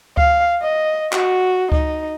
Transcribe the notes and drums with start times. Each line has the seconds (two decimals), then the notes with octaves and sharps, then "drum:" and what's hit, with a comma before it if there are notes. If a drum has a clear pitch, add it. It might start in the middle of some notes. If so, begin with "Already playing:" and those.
0.17 F5, drum: kick C#2
0.63 D#5
1.13 F#4, drum: clap
1.72 D#4, drum: kick C#2